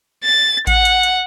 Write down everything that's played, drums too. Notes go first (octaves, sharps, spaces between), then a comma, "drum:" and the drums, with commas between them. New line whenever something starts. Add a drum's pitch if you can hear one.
A6
F#5, drum: kick A1, hi-hat
drum: hi-hat
drum: hi-hat